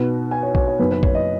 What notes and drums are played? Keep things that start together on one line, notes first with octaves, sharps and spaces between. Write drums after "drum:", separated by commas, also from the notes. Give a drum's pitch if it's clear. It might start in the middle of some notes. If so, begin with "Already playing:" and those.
Already playing: B2 B3 D#4 F#4
G#5
C#5
C#5, drum: kick A#1
C#5
F#1 F#2 D#3 B3 B4
B4
C#5, drum: kick A#1
D#5